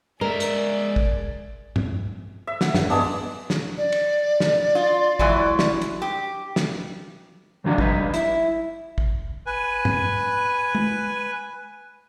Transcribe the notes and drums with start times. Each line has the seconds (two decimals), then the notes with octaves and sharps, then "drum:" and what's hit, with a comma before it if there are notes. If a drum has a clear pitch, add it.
0.21 G#3 G#4 A#4 D5 E5
0.40 drum: hi-hat
0.96 drum: kick
1.76 drum: tom G2
2.47 E5
2.61 F#5, drum: snare
2.74 G2, drum: snare
2.90 G#3 B3 D4, drum: open hi-hat
3.50 drum: snare
3.77 D5
3.92 drum: cymbal
4.40 drum: snare
4.75 F4
5.19 E3 F#3 G#3, drum: kick
5.59 drum: snare
5.82 drum: hi-hat
6.02 G4
6.56 drum: snare
7.64 D2 G2 F3 F#3 D4 F#4
7.78 G3 D#4 B4, drum: kick
8.14 E4, drum: hi-hat
8.98 drum: kick
9.47 B4 G#5
9.85 drum: tom G2
10.75 drum: tom